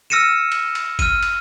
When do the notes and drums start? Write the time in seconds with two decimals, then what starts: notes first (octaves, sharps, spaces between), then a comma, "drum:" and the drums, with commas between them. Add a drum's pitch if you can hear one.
0.10 E6 F6 A#6 C#7 D#7 E7
0.52 drum: cymbal
0.75 drum: cymbal
0.99 F6 D#7, drum: kick G#1, cymbal
1.23 drum: cymbal